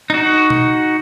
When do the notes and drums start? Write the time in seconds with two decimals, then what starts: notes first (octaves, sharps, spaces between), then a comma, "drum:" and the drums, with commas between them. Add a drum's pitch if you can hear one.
0.10 D#4 F#4
0.50 drum: tom B2